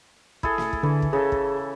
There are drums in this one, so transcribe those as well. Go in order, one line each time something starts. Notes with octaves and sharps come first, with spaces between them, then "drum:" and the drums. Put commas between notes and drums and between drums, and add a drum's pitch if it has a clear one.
E4 G#4 A4, drum: kick
drum: snare
drum: kick
D3 E3
drum: kick
C#3 G#4 A4
drum: kick